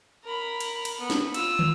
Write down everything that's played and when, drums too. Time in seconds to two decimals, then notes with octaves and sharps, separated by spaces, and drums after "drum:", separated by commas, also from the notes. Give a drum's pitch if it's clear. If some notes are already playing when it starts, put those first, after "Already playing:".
0.24 A#4 B5
0.60 drum: cymbal
0.85 drum: cymbal
1.00 B3
1.10 drum: snare D4
1.34 F4 E6, drum: cymbal
1.59 drum: tom